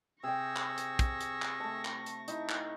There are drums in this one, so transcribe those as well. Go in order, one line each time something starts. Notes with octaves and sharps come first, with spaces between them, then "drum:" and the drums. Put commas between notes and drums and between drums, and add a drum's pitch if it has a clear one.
C3 G#4 G5 C#6 E6 A#6
drum: clap
drum: hi-hat
drum: kick, hi-hat
drum: hi-hat
drum: clap
A3 A5
drum: clap
drum: hi-hat
D#4 E4, drum: hi-hat
drum: clap